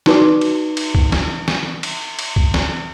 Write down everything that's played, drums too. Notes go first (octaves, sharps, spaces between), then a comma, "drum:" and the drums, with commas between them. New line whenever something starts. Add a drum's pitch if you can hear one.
D#4 F#4 B4 D5 D6, drum: snare
drum: cymbal
drum: cymbal
drum: kick
drum: snare
drum: snare
drum: cymbal
drum: cymbal
drum: kick
drum: snare